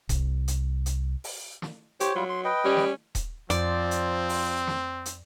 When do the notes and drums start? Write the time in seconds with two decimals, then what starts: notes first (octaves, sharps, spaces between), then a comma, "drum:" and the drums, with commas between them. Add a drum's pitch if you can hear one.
0.09 C2, drum: kick D#1, hi-hat
0.48 drum: hi-hat
0.86 drum: hi-hat
1.24 drum: open hi-hat
1.62 drum: snare
2.00 G4 C5 C#5, drum: hi-hat
2.15 F#3 G3 F4
2.29 C6
2.45 B4 D#5 G5
2.65 G3 C#4
2.77 drum: snare
3.15 drum: kick D#1, hi-hat
3.50 F2 F3 C4 D5, drum: hi-hat
3.91 drum: hi-hat
4.29 drum: open hi-hat
4.67 drum: snare
5.06 drum: hi-hat